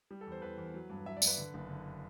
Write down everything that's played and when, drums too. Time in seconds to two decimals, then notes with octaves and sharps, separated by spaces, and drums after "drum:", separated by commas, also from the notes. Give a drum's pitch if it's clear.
0.11 G3
0.21 A4
0.26 E2
0.32 C5
0.42 E2 B4
0.58 E2
0.74 F#3
0.90 G2
1.06 F#3 E5
1.17 D5
1.22 G2, drum: tambourine
1.27 B4
1.38 D3
1.54 F#1
1.70 D3